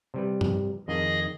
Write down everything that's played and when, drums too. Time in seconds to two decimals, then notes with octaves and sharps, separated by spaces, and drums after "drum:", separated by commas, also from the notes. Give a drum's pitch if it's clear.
0.14 C3 G3 B4
0.41 drum: tom G2
0.88 F2 D#3 G#4 D#5